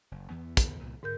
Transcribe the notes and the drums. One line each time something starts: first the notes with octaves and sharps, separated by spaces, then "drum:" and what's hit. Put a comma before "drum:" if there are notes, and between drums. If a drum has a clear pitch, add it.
F#1
E2 E3 B3
drum: kick, hi-hat
C2 A#2
G#2 D3 A#4 G6